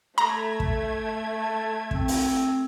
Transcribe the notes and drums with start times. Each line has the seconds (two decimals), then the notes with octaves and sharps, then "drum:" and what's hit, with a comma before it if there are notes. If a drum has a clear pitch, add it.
0.18 A3 A#5 G#6
0.60 drum: kick
1.37 A5
1.91 C4, drum: kick
2.08 drum: open hi-hat